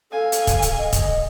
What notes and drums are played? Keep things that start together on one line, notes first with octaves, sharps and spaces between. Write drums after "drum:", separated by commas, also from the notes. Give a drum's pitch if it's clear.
A4 F5 G#5
drum: hi-hat
drum: kick, hi-hat
drum: hi-hat
D#5
drum: kick, hi-hat